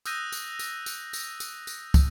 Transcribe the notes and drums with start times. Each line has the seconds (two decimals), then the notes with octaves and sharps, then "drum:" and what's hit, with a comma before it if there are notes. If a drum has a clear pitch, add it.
0.05 D#6 E6 F#6 G6 A#6 D#7, drum: tambourine
0.32 drum: tambourine
0.59 drum: tambourine
0.86 drum: tambourine
1.13 drum: tambourine
1.40 drum: tambourine
1.67 drum: tambourine
1.94 drum: kick, tambourine